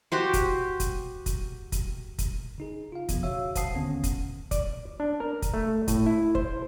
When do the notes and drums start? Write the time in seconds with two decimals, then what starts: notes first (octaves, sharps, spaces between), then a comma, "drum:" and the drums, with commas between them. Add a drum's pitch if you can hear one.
0.12 F#4 G4 C5
0.33 drum: kick, hi-hat
0.80 drum: kick, hi-hat
1.26 drum: kick, hi-hat
1.72 drum: kick, hi-hat
2.18 drum: kick, hi-hat
2.58 C#3 D#4 G#4
2.92 F4 F5
3.09 F2 B2 F3 B3, drum: kick, hi-hat
3.23 C#3 F#4 C#5 E5 F5 E6
3.55 C5 F5 F#5 A5 D#6 C7, drum: kick, hi-hat
3.74 D#2 D3 D#3 B3 C#4 F#5
4.04 drum: kick, hi-hat
4.51 D5, drum: kick, hi-hat
5.00 D4
5.20 A#4
5.42 drum: kick, hi-hat
5.54 A3
5.88 A2, drum: kick, hi-hat
6.06 E4
6.35 C5, drum: kick